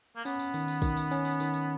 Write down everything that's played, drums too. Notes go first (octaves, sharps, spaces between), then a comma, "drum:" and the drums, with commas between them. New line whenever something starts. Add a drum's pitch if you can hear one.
A#3
B3 C#4, drum: tambourine
drum: tambourine
D#3, drum: tambourine
drum: tambourine
D#3, drum: kick, tambourine
drum: tambourine
C#4, drum: tambourine
drum: tambourine
D#3, drum: tambourine
drum: tambourine